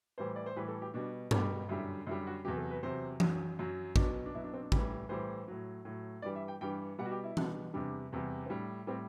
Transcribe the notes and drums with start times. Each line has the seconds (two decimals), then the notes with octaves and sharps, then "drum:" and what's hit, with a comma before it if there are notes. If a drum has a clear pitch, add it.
0.18 A2 E3 G3 C5
0.36 D5
0.46 C5
0.56 A2 E3 G3 B4
0.68 A4
0.82 G4
0.94 B2 G3 D4
1.31 B2 G3 D4, drum: tom G2
1.69 F#2 D3 G3 E4
2.07 F#2 D3 G3 E4
2.27 F#4
2.45 E2 C3 F#3 G4
2.57 A4
2.70 B4
2.82 E2 C3 F#3 C5
3.20 F#2 F#3, drum: tom E3
3.59 F#2 F#3
3.96 B2 F#3 D4, drum: kick
4.26 D4
4.34 B2 F#3 E4
4.44 D4
4.53 C4
4.62 D4
4.72 A2 E3 G3, drum: kick
5.09 A2 E3 G3 C5
5.48 A2 F#3
5.85 A2 F#3
6.22 G2 E3 G3 D5
6.35 E5
6.48 G5
6.61 G2 E3 G3 G5
6.99 B2 G3 F#5
7.05 F#4
7.11 G4
7.24 E4
7.37 B2 G3, drum: tom E3
7.74 E2 C3 G3 D4
8.12 E2 C3 G3
8.46 C4
8.49 A2 G3 D4
8.87 A2 G3 C4